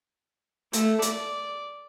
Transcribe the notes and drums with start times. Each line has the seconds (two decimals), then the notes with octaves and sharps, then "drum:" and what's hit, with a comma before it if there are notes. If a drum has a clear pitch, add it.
0.73 A3, drum: hi-hat
1.02 D5, drum: hi-hat